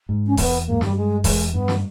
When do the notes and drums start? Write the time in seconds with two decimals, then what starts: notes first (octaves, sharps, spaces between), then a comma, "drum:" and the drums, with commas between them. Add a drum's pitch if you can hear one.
0.09 G#2
0.27 C#4
0.37 E2 B3, drum: kick D#1, open hi-hat
0.67 G#2 A#3
0.81 G2 G3, drum: snare
0.96 G#3
1.24 E2 G#3, drum: kick D#1, open hi-hat
1.53 G2 B3
1.68 drum: snare